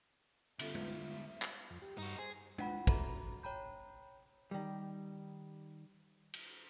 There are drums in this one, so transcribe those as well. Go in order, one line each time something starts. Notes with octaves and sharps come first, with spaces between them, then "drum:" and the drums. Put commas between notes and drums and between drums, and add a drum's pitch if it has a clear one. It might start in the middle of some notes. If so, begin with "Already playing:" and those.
D3 G3 B3 C#4 F4 A4 E5, drum: cymbal
drum: tom G#3
drum: clap
F2
G4
G2 D#4 F#4
G#4 C5 G#5
D4 F4 F#5 B5, drum: tom G#3
F#4 A4 E5 A#5 B5, drum: kick
C#5 G5 A#5 B5 G6
D#3 G3
drum: cymbal